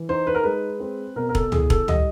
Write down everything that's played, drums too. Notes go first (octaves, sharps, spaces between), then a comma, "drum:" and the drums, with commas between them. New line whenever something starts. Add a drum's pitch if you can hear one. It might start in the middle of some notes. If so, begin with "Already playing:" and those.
Already playing: E3
D#4 C5
B4
A#4
G#3 B4
C4
B2 A#4
A#4
A4, drum: kick E1
E4 G#4, drum: tom C#2
A4, drum: kick E1
G3 D#5, drum: tom C#2